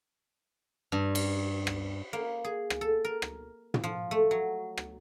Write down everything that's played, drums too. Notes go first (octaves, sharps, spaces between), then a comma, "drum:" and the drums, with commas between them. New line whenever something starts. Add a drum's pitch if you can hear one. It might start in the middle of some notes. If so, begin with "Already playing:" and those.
G2
drum: cymbal
drum: rim click
A#3
G#4
drum: rim click
A4
A#4
drum: rim click
drum: tom
F3
A3
F#3
drum: rim click